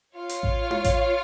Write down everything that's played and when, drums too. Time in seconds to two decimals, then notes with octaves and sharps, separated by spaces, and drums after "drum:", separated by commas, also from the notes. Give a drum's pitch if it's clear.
0.16 F4 C#5 F5
0.29 drum: hi-hat
0.43 drum: kick A1
0.71 drum: tom D#4
0.84 drum: kick A1, hi-hat